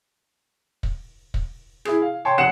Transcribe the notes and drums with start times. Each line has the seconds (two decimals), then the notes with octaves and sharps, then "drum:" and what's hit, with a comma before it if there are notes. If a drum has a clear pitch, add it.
0.83 drum: kick
1.34 drum: kick
1.85 E4 G#4, drum: rim click
2.02 F5
2.25 C#5 G5 A5 C6
2.38 F1 F#5 F#6 C7 C#7 E7